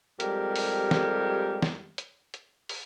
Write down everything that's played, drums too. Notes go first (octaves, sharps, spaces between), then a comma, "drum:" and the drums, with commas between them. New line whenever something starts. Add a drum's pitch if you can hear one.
F2 G3 G#3 G4 A#4, drum: hi-hat
drum: open hi-hat
drum: snare
drum: snare
drum: hi-hat
drum: hi-hat
drum: open hi-hat